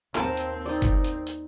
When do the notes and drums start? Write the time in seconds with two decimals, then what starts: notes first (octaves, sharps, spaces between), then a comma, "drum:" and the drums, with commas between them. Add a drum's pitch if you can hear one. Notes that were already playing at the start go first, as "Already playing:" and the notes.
0.15 D#2 C4 A#4 A5, drum: clap
0.37 drum: hi-hat
0.66 D#4 D5
0.82 drum: kick F#1, hi-hat
1.04 drum: hi-hat
1.27 drum: hi-hat